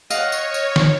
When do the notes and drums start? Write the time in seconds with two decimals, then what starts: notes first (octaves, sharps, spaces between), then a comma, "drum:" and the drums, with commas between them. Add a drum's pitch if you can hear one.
0.10 C#5 D#5 F5 F#5, drum: tambourine
0.32 drum: tambourine
0.54 drum: tambourine
0.76 drum: snare